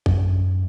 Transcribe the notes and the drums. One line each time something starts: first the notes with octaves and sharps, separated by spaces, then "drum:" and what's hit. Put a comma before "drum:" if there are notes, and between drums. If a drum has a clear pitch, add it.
F#2, drum: kick